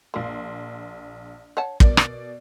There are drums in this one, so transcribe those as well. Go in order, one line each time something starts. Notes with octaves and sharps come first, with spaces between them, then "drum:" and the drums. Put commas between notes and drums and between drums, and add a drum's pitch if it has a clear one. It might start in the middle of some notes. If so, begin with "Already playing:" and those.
A#1 A#3 C6
C#5 F#5 A5
B2 A#4 D5, drum: kick
drum: rim click